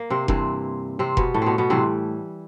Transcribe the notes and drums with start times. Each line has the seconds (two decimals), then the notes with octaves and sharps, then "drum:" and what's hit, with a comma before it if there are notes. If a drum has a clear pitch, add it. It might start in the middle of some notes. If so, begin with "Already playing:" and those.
Already playing: A#3
0.10 C3 C4
0.28 G2 C3 E3 G3 C4, drum: kick F1
0.99 C3 C4
1.17 B2 B3, drum: kick F1
1.34 A2 A3
1.42 B2 B3 C4
1.58 B2 B3
1.69 A2 C3 E3 G3 C4